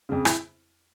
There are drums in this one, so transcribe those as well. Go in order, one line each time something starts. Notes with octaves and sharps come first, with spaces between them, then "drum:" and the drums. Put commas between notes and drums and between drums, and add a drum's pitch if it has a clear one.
F2 C#3
E4, drum: rim click